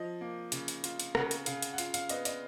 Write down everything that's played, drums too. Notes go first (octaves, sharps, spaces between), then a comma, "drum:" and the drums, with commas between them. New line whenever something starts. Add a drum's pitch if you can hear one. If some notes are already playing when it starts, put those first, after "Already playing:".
Already playing: F3 D#5
A#3
C#3, drum: hi-hat
drum: hi-hat
F4, drum: hi-hat
drum: hi-hat
C#3 F#5, drum: rim click
drum: hi-hat
C#3 F5, drum: hi-hat
drum: hi-hat
F#5
F4 F5, drum: hi-hat
F5, drum: hi-hat
B3 D#5, drum: hi-hat
D#5, drum: hi-hat